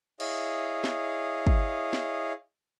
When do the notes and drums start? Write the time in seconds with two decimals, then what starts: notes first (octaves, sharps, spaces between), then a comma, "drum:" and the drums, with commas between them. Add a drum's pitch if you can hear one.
0.20 E4 G#4 C#5 D#5 F5, drum: cymbal
0.84 drum: snare
1.47 drum: kick
1.93 drum: snare